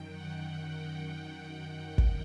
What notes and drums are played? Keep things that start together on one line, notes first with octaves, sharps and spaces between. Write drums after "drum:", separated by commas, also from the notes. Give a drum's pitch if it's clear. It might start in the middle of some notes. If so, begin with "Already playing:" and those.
Already playing: F#2 D#3 G5
F#5
F#5
G5
F#5
F#5
drum: kick